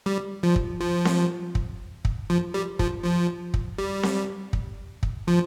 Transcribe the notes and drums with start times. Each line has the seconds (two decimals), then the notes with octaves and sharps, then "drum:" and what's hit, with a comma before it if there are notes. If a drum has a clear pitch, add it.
0.06 G3
0.43 F3
0.56 drum: kick
0.81 F3
1.05 drum: snare C4
1.55 drum: kick
2.05 drum: kick
2.30 F3
2.54 G3
2.79 F3, drum: kick
3.04 F3
3.54 drum: kick
3.78 G3
4.03 drum: snare C4
4.53 drum: kick
5.03 drum: kick
5.28 F3